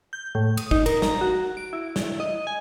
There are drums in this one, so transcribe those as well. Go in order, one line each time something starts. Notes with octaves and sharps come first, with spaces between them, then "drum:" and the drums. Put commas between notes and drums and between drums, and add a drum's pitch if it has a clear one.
G6
A2
D#6, drum: cymbal
D#4, drum: kick
A#4, drum: cymbal
A#5, drum: snare
F#4
D7
E4
drum: snare
D#5
G#5